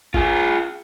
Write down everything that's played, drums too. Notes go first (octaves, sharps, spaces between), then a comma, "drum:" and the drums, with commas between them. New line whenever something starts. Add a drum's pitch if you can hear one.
F4 G#4, drum: kick G1